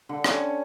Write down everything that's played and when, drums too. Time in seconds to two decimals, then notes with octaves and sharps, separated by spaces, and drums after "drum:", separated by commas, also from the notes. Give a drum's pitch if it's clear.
0.09 D3
0.24 C#4, drum: rim click